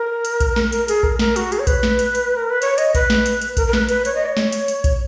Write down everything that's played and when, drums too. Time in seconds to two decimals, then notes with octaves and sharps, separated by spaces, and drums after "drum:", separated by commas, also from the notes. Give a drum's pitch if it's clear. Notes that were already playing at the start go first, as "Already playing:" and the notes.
Already playing: A#4
0.25 drum: hi-hat
0.40 drum: kick A#1, hi-hat
0.56 drum: snare
0.72 A#4, drum: hi-hat
0.88 G#4, drum: hi-hat
1.03 A#4, drum: kick A#1
1.19 A#4, drum: snare
1.36 F#4, drum: hi-hat
1.52 G#4, drum: hi-hat
1.59 C#5
1.67 B4, drum: kick A#1, hi-hat
1.83 drum: snare
1.99 drum: hi-hat
2.15 drum: hi-hat
2.36 A#4
2.50 B4
2.62 C#5, drum: hi-hat
2.78 D#5, drum: hi-hat
2.95 B4, drum: kick A#1, hi-hat
3.10 drum: snare
3.26 drum: hi-hat
3.42 drum: hi-hat
3.57 A#4, drum: kick A#1, hi-hat
3.67 A#4
3.73 B4, drum: snare
3.89 B4, drum: hi-hat
4.05 C#5, drum: hi-hat
4.15 D#5
4.26 C#5
4.37 drum: snare
4.52 drum: hi-hat
4.68 drum: hi-hat
4.84 drum: kick A#1, hi-hat